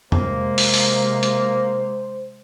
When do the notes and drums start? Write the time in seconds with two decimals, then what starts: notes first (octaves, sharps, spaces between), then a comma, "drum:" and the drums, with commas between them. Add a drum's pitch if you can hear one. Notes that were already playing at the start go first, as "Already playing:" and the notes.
0.12 C3 G#3 A#3 C5, drum: tom F2
0.58 drum: open hi-hat
0.74 drum: open hi-hat
1.23 drum: hi-hat